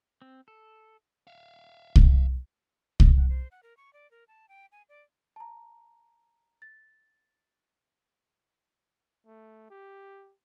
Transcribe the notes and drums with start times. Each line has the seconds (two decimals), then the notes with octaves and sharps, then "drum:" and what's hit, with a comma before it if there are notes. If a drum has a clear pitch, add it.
0.22 C4
0.48 A4
1.27 E5 F5
1.96 drum: kick C2
3.00 D#5, drum: kick C2
3.16 F#5
3.29 C5
3.51 F#5
3.63 A#4
3.77 C#6
3.93 D5
4.11 A#4
4.28 A5
4.49 G5
4.72 G#5
4.89 D5
5.36 A5 A#5
6.62 A6
9.27 A3
9.70 G4